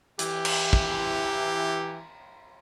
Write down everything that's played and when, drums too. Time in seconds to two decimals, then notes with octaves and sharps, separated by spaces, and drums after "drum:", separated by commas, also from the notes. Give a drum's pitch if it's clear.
0.19 E3 G4, drum: hi-hat
0.45 drum: cymbal
0.73 drum: kick